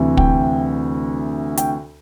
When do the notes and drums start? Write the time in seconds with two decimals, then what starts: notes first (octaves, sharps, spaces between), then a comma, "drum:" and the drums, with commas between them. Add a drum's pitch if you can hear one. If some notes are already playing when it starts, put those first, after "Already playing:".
Already playing: D2 C3 E3
0.17 G5, drum: kick
1.57 G5, drum: hi-hat